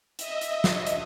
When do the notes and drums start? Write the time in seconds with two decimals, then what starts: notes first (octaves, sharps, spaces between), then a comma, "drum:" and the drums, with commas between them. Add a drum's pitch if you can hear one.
0.19 D#5 E5, drum: hi-hat
0.41 drum: hi-hat
0.64 drum: snare
0.87 drum: hi-hat